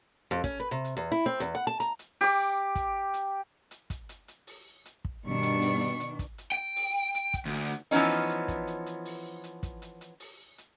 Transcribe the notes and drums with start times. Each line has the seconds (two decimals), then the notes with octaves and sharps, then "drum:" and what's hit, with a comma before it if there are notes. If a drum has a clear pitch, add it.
0.31 F2
0.44 C#4, drum: kick, hi-hat
0.60 B4
0.71 C3
0.85 drum: hi-hat
0.97 E2
1.12 E4
1.26 C4
1.40 E2, drum: hi-hat
1.55 F#5
1.67 A5
1.80 A#5, drum: hi-hat
1.99 drum: hi-hat
2.21 G4 D6, drum: open hi-hat
2.75 drum: kick, hi-hat
3.14 drum: hi-hat
3.71 drum: hi-hat
3.90 drum: kick, hi-hat
4.09 drum: hi-hat
4.28 drum: hi-hat
4.47 drum: open hi-hat
4.85 drum: hi-hat
5.05 drum: kick
5.27 G2 B2 D#3 D4 C#6 C#7
5.43 drum: hi-hat
5.62 drum: open hi-hat
6.00 drum: hi-hat
6.19 drum: kick, hi-hat
6.38 drum: hi-hat
6.52 G5
6.76 drum: open hi-hat
7.15 drum: hi-hat
7.34 drum: kick, hi-hat
7.46 D2
7.72 drum: hi-hat
7.91 E3 F3 B3 C#4 D#4, drum: open hi-hat
8.29 drum: hi-hat
8.48 drum: kick, hi-hat
8.67 drum: hi-hat
8.86 drum: hi-hat
9.06 drum: open hi-hat
9.44 drum: hi-hat
9.63 drum: kick, hi-hat
9.82 drum: hi-hat
10.01 drum: hi-hat
10.20 drum: open hi-hat
10.58 drum: hi-hat